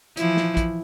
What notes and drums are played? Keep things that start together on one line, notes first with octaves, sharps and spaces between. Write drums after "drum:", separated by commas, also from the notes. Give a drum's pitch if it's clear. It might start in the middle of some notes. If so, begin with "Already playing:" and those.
E3 F3 E4, drum: hi-hat
drum: snare
drum: kick, hi-hat